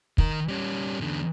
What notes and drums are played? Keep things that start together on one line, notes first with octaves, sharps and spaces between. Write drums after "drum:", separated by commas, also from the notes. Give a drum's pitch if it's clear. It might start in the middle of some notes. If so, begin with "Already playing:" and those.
D#3 A#4, drum: kick
G3 C#4
E2 D3